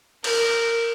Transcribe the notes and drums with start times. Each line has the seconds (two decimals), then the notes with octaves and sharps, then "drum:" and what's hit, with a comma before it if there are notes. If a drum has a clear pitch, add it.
0.24 A#4, drum: cymbal